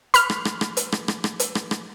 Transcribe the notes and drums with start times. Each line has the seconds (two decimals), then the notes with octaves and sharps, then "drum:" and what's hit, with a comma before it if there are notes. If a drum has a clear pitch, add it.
0.14 B5 F6, drum: hi-hat
0.30 drum: rim click
0.45 drum: rim click
0.61 drum: rim click
0.77 drum: hi-hat
0.92 drum: rim click
1.08 drum: rim click
1.24 drum: rim click
1.40 drum: hi-hat
1.55 drum: rim click
1.71 drum: rim click